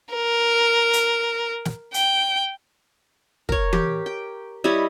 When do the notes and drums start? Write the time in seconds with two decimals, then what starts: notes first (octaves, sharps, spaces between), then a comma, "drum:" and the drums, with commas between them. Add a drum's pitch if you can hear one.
0.14 A#4
0.93 drum: hi-hat
1.65 drum: snare
1.94 G5, drum: hi-hat
3.49 A#4 C#5, drum: kick
3.73 G4, drum: tom E3
4.06 G5
4.64 G3 E4 C#5 D#5